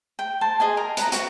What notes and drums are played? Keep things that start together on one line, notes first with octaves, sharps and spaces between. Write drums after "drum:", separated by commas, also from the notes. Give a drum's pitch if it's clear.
G5
C5 A5
G#4 D#5 G#5
A#4
B4 A#5, drum: hi-hat
F#4 G5, drum: hi-hat